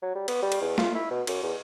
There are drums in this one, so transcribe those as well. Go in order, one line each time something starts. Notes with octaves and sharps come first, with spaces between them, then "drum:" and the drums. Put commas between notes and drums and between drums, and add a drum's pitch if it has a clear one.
F#3
G3
B3, drum: cymbal
G3
drum: cymbal
E2
F4, drum: snare
E4
B2
F#2, drum: cymbal
E2